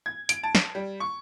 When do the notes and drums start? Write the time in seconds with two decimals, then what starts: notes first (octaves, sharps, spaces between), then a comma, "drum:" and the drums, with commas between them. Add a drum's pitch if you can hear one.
0.06 G#6
0.29 D7, drum: hi-hat
0.43 A5
0.55 drum: snare
0.75 G3
1.00 C#6